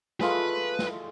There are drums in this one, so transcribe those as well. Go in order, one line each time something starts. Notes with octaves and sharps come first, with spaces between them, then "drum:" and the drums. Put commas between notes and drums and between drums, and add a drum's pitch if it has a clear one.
G#3 A3 F4 B4, drum: snare
drum: snare